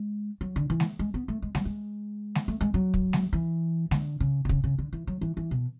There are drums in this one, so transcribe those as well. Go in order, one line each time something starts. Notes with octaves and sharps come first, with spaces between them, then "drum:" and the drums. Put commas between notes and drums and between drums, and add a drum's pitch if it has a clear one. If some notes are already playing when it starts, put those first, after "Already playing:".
Already playing: G#3
F#3
D3
E3
drum: snare G#3
G#3
B3
A3
G#3
F#3, drum: snare G#3
G#3
drum: snare G#3
A3
G#3
F#3
drum: kick
drum: snare G#3
E3
D3, drum: snare G#3
C#3
B2
C#3, drum: kick
C#3
D3
E3
F#3
E3
E3
B2